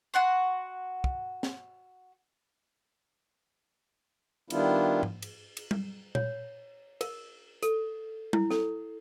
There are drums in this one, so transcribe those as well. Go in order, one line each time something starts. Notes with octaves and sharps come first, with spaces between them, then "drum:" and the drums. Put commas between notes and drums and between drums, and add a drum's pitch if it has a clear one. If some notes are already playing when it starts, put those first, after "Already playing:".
F#4 F#5 C6
drum: kick
drum: snare
D#3 G3 B3 D4 E4 F4, drum: cymbal
drum: tom G#2
drum: cymbal
drum: cymbal
drum: tom G3
C#5, drum: tom A#2
A#4, drum: cymbal
A4, drum: hi-hat
E4, drum: tom G3
A4, drum: snare